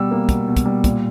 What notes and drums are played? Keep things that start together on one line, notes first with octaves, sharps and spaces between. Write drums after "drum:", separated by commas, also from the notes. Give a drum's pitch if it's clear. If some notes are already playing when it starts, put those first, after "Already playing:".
Already playing: B2 G3 E6
A#3
B2, drum: kick, hi-hat
B2
drum: kick, hi-hat
G3
A#2, drum: kick, hi-hat